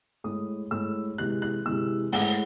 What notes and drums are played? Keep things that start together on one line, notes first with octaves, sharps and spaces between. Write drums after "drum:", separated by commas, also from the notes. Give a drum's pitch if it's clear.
A2 G#3 D#6
A2 G#3 E6
C3 E3 G#3 F#6
F#6
C3 E3 G#3 E6
A2 G#3 F#5, drum: open hi-hat